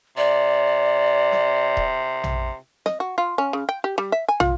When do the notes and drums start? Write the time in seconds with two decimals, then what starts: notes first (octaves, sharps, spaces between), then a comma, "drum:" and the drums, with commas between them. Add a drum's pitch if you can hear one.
0.17 C3 D5
1.32 drum: snare
1.77 drum: kick D#1
2.24 drum: tom
2.86 D#5, drum: snare
3.00 F#4
3.18 F4
3.38 C#4
3.53 C#3
3.69 G5
3.84 G4
3.98 G3
4.12 E5
4.28 G#5
4.40 F4, drum: tom